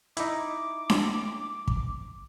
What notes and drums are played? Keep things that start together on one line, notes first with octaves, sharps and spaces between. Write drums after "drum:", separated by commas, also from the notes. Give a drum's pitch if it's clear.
D#4 E4 D6, drum: hi-hat
drum: snare D4
drum: kick